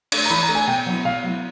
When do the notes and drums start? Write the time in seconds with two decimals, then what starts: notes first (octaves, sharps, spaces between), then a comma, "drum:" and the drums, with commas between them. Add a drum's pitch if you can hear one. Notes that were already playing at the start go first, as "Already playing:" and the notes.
0.12 A3 D4, drum: cymbal
0.25 A#5
0.30 E3 B5
0.43 A#5
0.49 A3 D4
0.55 G#5
0.67 B2 G5
0.86 F#3 B3 E4
1.05 B2 F5
1.23 F#3 B3 E4